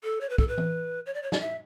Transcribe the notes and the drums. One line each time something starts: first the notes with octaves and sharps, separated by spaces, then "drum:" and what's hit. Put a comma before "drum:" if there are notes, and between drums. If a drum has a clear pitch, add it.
A4
C#5
B4
A4, drum: kick
B4
drum: tom E3
C#5
D5
C#5
D5, drum: snare
E5